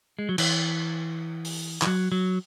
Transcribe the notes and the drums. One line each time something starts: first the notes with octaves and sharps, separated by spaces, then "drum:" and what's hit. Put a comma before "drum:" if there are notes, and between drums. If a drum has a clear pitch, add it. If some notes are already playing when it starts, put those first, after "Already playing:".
G#3
F#3
E3, drum: cymbal
drum: open hi-hat
E3, drum: clap
F#3
F#3